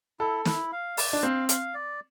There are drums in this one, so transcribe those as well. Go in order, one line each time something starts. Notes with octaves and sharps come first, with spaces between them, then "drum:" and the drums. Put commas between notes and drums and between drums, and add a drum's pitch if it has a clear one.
E4 A4
E4, drum: snare
F5
D5, drum: open hi-hat
D4
C4 F5
F5, drum: hi-hat
D5